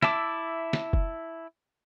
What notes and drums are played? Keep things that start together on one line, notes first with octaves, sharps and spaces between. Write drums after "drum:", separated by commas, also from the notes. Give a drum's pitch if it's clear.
E4 E5 A5 D6, drum: snare
drum: snare
drum: kick F1